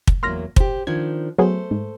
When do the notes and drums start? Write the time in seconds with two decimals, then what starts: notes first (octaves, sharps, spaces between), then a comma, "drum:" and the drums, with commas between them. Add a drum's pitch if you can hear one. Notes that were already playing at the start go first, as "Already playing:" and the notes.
0.07 drum: kick
0.23 E2 F#3 A#3 C6 F6 A#6
0.56 G4 C5, drum: kick
0.87 D#3 F3 D4 G#6
1.38 F#3 A3 B3 G#4 A4 C5
1.71 G#2